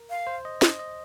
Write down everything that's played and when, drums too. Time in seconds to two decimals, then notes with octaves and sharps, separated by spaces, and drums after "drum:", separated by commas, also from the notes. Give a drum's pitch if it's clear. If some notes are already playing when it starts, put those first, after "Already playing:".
Already playing: A#4
0.10 F5
0.27 C5
0.45 D#5
0.62 D#5, drum: snare
0.79 D#5